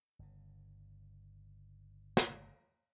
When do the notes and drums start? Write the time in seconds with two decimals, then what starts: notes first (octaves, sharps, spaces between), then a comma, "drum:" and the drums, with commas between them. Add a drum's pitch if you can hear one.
0.19 G1 C#3
2.17 drum: snare